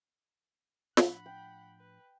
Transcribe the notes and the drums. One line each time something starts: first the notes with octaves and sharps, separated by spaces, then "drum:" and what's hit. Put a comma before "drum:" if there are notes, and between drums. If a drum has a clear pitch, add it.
A2 F3 D4 F#5 B5, drum: snare
G5
B4